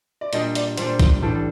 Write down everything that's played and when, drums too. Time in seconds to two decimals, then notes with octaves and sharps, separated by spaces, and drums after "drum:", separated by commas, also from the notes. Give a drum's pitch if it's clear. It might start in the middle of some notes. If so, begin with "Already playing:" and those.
0.21 D5
0.33 A#2 G3 D4 D#5, drum: hi-hat
0.55 D5, drum: hi-hat
0.78 A#2 G3 D4 C5, drum: hi-hat
1.00 drum: kick, hi-hat
1.21 A1 A2 G3 D4 A4